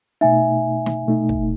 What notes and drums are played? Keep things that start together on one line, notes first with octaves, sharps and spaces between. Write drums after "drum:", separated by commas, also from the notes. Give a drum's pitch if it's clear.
B2 A3 D#4 E5 G#5
drum: snare
B2 A3 D#4
drum: kick